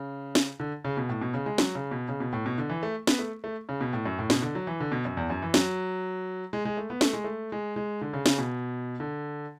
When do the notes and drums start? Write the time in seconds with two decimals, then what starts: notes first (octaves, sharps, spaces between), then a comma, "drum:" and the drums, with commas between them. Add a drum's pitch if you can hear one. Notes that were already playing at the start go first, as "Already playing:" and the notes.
Already playing: C#3
0.35 drum: snare
0.60 D3
0.85 C#3
0.97 B2
1.09 A2
1.22 B2
1.34 C#3
1.46 G#3
1.58 F#3, drum: snare
1.75 C#3
1.91 B2
2.09 C#3
2.20 B2
2.33 A2
2.46 B2
2.58 D3
2.69 E3
2.83 A3
3.07 B3, drum: snare
3.19 A3
3.44 A3
3.69 C#3
3.81 B2
3.93 A2
4.06 F#2
4.19 A2
4.30 B2, drum: snare
4.42 D3
4.55 F#3
4.67 E3
4.80 D3
4.92 B2
5.05 F#2
5.17 E2
5.30 F#2
5.42 E3
5.54 F#3, drum: snare
6.53 G#3
6.65 G#3
6.77 A3
6.90 B3
7.01 A3, drum: snare
7.13 G#3
7.24 A3
7.52 G#3
7.76 G#3
8.01 D3
8.13 C#3
8.26 C#3, drum: snare
8.39 B2
9.00 D3